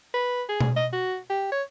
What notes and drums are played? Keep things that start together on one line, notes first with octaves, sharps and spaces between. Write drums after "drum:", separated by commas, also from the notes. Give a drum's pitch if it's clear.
B4
G#4
drum: tom B2
D#5
F#4
G4
C#5